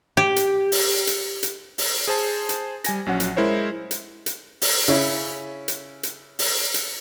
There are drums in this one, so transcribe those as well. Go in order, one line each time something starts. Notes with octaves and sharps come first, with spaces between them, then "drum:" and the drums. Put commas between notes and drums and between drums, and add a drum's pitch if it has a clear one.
G4
drum: hi-hat
drum: open hi-hat
drum: hi-hat
drum: hi-hat
drum: open hi-hat
G#4 C5 A5
drum: hi-hat
G3 G#5 A#6, drum: hi-hat
A#1 F#3 C#4 F#5
drum: hi-hat
G#3 E4 A#4 C5 C#5
drum: hi-hat
drum: hi-hat
drum: open hi-hat
C#3 C#4 E4
drum: hi-hat
drum: hi-hat
drum: open hi-hat
drum: hi-hat